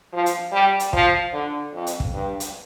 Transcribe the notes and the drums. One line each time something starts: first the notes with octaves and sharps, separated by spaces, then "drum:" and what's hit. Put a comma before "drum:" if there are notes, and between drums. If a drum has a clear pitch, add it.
F3
drum: hi-hat
G3
drum: hi-hat
F3, drum: kick
D3
F2
drum: hi-hat
drum: kick
G2
drum: hi-hat